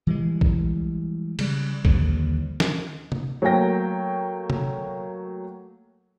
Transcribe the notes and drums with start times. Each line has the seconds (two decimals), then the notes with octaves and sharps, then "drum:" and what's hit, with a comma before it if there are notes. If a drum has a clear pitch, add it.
0.07 E3 G3 G#3
0.41 drum: kick A#1
1.39 C#3 G3, drum: cymbal
1.85 D#2 D3 F3 G3, drum: kick A#1
2.60 drum: snare
3.12 drum: tom C3
3.42 F#3 A3 A#3 G5 A#6
4.50 drum: tom C3